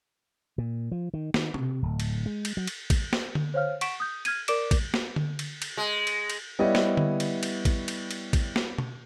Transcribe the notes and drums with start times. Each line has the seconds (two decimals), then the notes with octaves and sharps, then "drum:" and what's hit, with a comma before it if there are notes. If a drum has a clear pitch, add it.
0.58 A#2
0.92 F3
1.14 D#3
1.34 D#3, drum: snare
1.54 C3, drum: tom B2
1.82 D1
2.00 drum: cymbal
2.26 G#3
2.45 drum: cymbal
2.57 F#3
2.67 drum: cymbal
2.90 drum: kick A1, cymbal
3.13 drum: snare
3.35 drum: tom D3
3.54 C5 C#5 F5 F6
3.81 F#5 C#6 B6 D7 E7, drum: cymbal
4.00 D#6 G6
4.25 F6 G#6 D#7, drum: cymbal
4.48 A#4 D5 D6 D7 E7, drum: cymbal
4.71 drum: kick A1, cymbal
4.94 drum: snare
5.16 drum: tom D3
5.39 drum: cymbal
5.62 drum: cymbal
5.77 G#3
6.07 drum: cymbal
6.30 drum: cymbal
6.59 G3 B3 E4 C#5 D#5
6.75 drum: snare
6.97 drum: tom D3
7.20 drum: cymbal
7.43 drum: cymbal
7.65 drum: kick A1, cymbal
7.88 drum: cymbal
8.11 drum: cymbal
8.33 drum: kick A1, cymbal
8.56 drum: snare
8.78 drum: tom B2